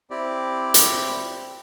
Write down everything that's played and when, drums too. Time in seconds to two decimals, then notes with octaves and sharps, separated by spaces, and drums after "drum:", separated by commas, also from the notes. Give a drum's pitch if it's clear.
0.10 C4 E4 G4 D5
0.74 drum: hi-hat